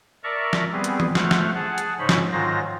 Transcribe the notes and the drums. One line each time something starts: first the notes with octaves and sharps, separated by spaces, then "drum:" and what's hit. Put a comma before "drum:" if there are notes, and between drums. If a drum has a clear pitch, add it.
A#4 D5 E5 A5 A#5 C#6
drum: snare
G3 B3 C4 G#4
drum: hi-hat
drum: tom E3
A3 C5 F#5 F6, drum: snare
drum: snare
G#4 F#5 A5
drum: hi-hat
G#2 C#3 D#4 C5 C#5 B5
drum: snare
G#2 D#3 F#3 F4 C5 A#6